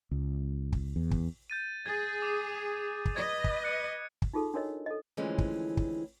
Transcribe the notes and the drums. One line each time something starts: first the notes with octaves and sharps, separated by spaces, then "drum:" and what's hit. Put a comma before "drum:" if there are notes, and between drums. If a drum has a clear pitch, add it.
C#2
drum: kick
E2
drum: kick
G6 A6 D#7
G#4 G#6 A6
D6 D#6 D#7
drum: kick
B4 D#5 G#6
drum: kick
F#6 C#7 D#7
drum: kick
D#4 F4 G#4 A4
D4 F#4 A#4 C#5 D#5
A4 D#5
D2 E3 F3 G#3 C4 C#4
drum: kick
drum: kick